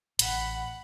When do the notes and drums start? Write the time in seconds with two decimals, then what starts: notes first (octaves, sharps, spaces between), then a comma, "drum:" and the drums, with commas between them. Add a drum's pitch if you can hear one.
0.19 A1 F#5 B5, drum: hi-hat